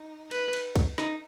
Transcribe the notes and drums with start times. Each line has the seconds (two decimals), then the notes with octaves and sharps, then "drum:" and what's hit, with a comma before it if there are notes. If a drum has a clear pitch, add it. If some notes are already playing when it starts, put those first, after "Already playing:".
Already playing: D#4
0.31 B4, drum: cymbal
0.53 drum: cymbal
0.76 drum: kick, cymbal
0.98 D#4, drum: snare